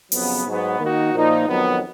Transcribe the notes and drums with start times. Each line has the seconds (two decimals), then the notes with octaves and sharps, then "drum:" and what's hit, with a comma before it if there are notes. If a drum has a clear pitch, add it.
0.12 F2 C#3 F#3 B3, drum: open hi-hat
0.46 G#2 F#3 B3
0.79 D#3 A#3 D#4 F#4
1.14 A#2 F3 A#3 D#4
1.48 F2 D#3 F#3 B3